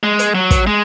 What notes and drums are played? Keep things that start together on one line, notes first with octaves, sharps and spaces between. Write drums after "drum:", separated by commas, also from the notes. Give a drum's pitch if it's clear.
G#3
drum: hi-hat
F#3
drum: kick, hi-hat
G#3